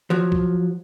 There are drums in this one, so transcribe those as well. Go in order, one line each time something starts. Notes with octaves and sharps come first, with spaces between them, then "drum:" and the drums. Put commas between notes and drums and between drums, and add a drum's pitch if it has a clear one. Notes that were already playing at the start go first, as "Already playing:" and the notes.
F3 F#3
drum: kick C2